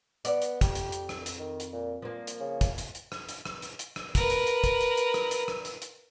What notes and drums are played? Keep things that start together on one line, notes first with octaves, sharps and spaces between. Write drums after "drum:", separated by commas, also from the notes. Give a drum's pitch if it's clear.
B3 D5, drum: hi-hat
drum: hi-hat
F2 G4, drum: kick, hi-hat
drum: hi-hat
drum: hi-hat
drum: rim click
drum: hi-hat
D#3
drum: hi-hat
A#2
A#2 F3 A#3
drum: hi-hat
C#3
drum: kick, hi-hat
drum: hi-hat
drum: hi-hat
drum: rim click
drum: hi-hat
drum: rim click
drum: hi-hat
drum: hi-hat
drum: rim click
A#4 B4, drum: kick, hi-hat
drum: hi-hat
drum: hi-hat
drum: kick, hi-hat
drum: hi-hat
drum: hi-hat
drum: rim click
drum: hi-hat
drum: rim click
drum: hi-hat
drum: hi-hat